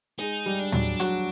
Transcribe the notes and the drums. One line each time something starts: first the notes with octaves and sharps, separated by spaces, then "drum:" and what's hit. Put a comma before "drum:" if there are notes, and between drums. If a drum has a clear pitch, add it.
G#3 D#4 G#4
G3 G4
D4
F#3 F#4, drum: tom
F#3 F#4, drum: hi-hat